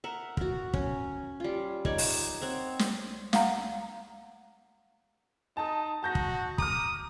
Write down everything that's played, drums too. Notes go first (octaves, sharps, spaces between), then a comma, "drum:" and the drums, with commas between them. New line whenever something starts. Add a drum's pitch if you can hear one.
A#4 E5 F#5
F#4 A#4, drum: kick
C#4, drum: kick
G3 F4
D#4 A#4 C#5 D5, drum: kick
drum: open hi-hat
C4 C#5 F#5
drum: snare
F5 F#5 A#5, drum: snare
D#4 A5 D#6
F#4 A5 G6 A#6
drum: kick
A#5 D6 D#6 F6, drum: kick